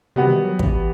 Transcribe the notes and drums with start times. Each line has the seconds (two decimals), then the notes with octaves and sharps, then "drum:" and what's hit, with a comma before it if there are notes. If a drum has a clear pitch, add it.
0.16 C3 G3 B3 F#4
0.27 E3
0.31 D#3
0.45 F#3
0.59 E3, drum: kick